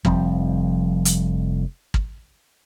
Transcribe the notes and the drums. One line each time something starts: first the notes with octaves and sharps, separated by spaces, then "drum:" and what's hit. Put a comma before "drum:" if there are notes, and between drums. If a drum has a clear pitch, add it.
F1 F3 G3 C4, drum: kick
drum: hi-hat
drum: kick